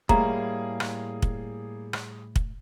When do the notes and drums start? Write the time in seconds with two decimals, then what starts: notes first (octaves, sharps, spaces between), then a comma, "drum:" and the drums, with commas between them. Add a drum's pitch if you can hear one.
0.09 A2 G3 A#3 G#4 A#5, drum: kick
0.80 drum: rim click
1.22 drum: kick
1.93 drum: rim click
2.36 drum: kick